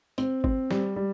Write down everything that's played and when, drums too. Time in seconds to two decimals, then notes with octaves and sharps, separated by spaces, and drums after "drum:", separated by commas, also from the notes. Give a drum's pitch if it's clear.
0.18 C4, drum: hi-hat
0.44 C4, drum: kick G#1
0.71 G3, drum: snare
0.96 G3